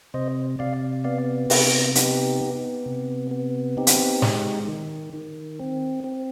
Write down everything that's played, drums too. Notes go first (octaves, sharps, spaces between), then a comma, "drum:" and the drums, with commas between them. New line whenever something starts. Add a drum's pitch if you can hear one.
C3 C5 D#5
C3 D5 F5
B3 D5 F5
C3 G4 B4, drum: open hi-hat
B3 D#4 G4, drum: hi-hat
B3
C3
B3
C4 D#4 G4
drum: hi-hat
G#3, drum: snare
D#3
D#3
C4
C4